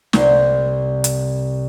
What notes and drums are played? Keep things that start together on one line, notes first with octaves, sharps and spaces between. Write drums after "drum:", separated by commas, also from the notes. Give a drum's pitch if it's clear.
C2 C5, drum: snare
drum: hi-hat